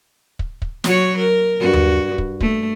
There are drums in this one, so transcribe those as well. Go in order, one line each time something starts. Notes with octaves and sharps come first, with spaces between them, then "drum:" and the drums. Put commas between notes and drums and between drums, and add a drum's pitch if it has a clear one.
drum: kick
drum: kick
F#3 F#4 C#5, drum: snare
A#4
G2 F#4
drum: tom D#2
drum: kick
A3, drum: kick